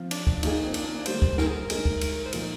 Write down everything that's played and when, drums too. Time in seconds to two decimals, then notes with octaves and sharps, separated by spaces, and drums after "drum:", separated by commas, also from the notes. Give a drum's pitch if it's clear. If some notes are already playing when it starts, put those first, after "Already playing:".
Already playing: F3 C4 F4
0.11 D4, drum: cymbal
0.27 drum: kick
0.43 D#3 A#3 D#4 F4 G#4, drum: cymbal
0.64 C4
0.74 D4, drum: cymbal
0.85 A#3
0.95 D4
1.06 D3 G3 A#3 C5, drum: cymbal
1.22 drum: kick
1.38 A#4, drum: snare
1.46 G#4
1.55 A#4
1.70 D3 G#3 D#4 G#4, drum: cymbal
1.85 drum: kick
2.01 drum: cymbal
2.25 C5
2.33 A#2 F3 A#3 D#4 A#4, drum: cymbal